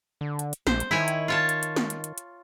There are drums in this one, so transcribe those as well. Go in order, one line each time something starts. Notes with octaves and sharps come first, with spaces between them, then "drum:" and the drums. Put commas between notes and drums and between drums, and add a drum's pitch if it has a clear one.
D3
drum: hi-hat
drum: hi-hat
A#1 C5, drum: snare
drum: hi-hat
D#3 E4 C#5 G#5
drum: hi-hat
F4 C#5 A5
drum: hi-hat
drum: hi-hat
drum: snare
drum: hi-hat
drum: hi-hat
drum: hi-hat